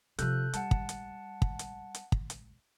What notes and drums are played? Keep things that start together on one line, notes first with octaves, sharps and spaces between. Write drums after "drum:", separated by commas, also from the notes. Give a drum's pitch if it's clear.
C3 F3 A4 F#6 G6, drum: hi-hat
G3 F#5 A5, drum: hi-hat
drum: kick
drum: hi-hat
drum: kick
drum: hi-hat
drum: hi-hat
drum: kick
drum: hi-hat